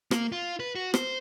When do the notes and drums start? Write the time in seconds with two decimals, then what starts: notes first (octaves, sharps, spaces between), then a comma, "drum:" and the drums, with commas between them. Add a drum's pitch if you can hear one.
0.11 A#3, drum: rim click
0.32 F4
0.60 B4
0.75 F#4
0.94 C5, drum: rim click